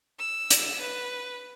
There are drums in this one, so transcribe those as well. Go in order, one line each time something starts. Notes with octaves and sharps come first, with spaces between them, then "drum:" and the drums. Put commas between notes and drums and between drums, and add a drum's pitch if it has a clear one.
E6
drum: hi-hat
B4